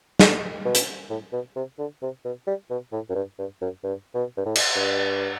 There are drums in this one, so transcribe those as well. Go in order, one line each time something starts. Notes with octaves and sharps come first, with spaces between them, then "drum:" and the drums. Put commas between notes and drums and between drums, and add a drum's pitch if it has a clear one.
D3, drum: snare
B2
drum: hi-hat
A2
B2
C3
D3
C3
B2
G3
B2
A2
F#2
G2
G2
F#2
G2
B2
G2
A2
drum: cymbal
G2